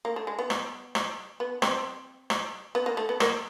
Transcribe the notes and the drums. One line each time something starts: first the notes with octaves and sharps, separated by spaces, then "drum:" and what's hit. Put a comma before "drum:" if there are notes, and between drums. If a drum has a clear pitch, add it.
A#3
A3
G#3
B3
drum: rim click
drum: rim click
B3
C4, drum: rim click
drum: rim click
B3
A#3
A3
B3
A#3, drum: rim click